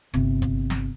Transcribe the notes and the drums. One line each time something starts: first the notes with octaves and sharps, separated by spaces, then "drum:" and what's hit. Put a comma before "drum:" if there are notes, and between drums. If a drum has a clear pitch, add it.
G1 C3
drum: kick, hi-hat
drum: snare